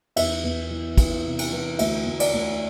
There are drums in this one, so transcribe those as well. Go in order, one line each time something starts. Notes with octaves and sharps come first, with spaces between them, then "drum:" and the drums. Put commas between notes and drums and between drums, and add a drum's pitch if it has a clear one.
E2 E5, drum: cymbal
E2
E3
E3, drum: kick, cymbal
C3
drum: cymbal
E3
D2 E5, drum: cymbal
D2
D5, drum: cymbal
D2